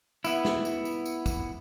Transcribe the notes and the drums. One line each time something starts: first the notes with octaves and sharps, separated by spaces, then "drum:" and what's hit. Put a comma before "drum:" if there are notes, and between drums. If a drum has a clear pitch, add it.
B3 E4, drum: tambourine
drum: snare
drum: tambourine
drum: tambourine
drum: tambourine
drum: kick, tambourine